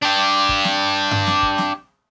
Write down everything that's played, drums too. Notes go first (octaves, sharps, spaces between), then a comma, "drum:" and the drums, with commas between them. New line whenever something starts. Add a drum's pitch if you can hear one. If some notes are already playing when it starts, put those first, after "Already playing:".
D4 G4
drum: kick
drum: snare
drum: tom G2
drum: snare
drum: kick
drum: snare